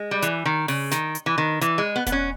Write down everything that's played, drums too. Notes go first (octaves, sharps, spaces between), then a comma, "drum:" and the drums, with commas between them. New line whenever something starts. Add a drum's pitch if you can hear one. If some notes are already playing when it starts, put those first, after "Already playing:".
Already playing: G#3
G3
E3, drum: hi-hat
D#3
C#3, drum: open hi-hat
D#3, drum: snare
drum: hi-hat
E3
D#3
E3, drum: hi-hat
G#3
B3
B3, drum: kick E1, hi-hat
C#4